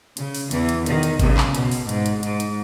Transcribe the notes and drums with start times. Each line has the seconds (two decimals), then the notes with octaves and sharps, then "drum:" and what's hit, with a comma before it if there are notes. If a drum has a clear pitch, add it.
0.17 C#3, drum: hi-hat
0.35 drum: open hi-hat
0.51 E2 E3, drum: hi-hat
0.69 drum: hi-hat
0.86 D#3, drum: hi-hat
1.03 drum: hi-hat
1.20 C#3, drum: kick G#1, hi-hat
1.37 drum: clap
1.55 B2, drum: hi-hat
1.71 drum: open hi-hat
1.89 G#2, drum: hi-hat
2.06 drum: hi-hat
2.23 G#2, drum: hi-hat
2.40 drum: hi-hat